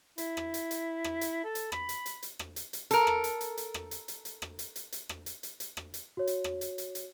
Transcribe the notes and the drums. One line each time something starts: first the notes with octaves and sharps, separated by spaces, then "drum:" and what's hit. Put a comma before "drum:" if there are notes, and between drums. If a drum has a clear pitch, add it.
E4, drum: hi-hat
drum: rim click
drum: hi-hat
drum: hi-hat
drum: rim click
drum: hi-hat
A4
drum: hi-hat
B5, drum: rim click
drum: hi-hat
drum: hi-hat
drum: hi-hat
drum: rim click
drum: hi-hat
drum: hi-hat
A4 A#4, drum: hi-hat
drum: rim click
drum: hi-hat
drum: hi-hat
drum: hi-hat
drum: rim click
drum: hi-hat
drum: hi-hat
drum: hi-hat
drum: rim click
drum: hi-hat
drum: hi-hat
drum: hi-hat
drum: rim click
drum: hi-hat
drum: hi-hat
drum: hi-hat
drum: rim click
drum: hi-hat
F#4 C#5
drum: hi-hat
drum: rim click
drum: hi-hat
drum: hi-hat
drum: hi-hat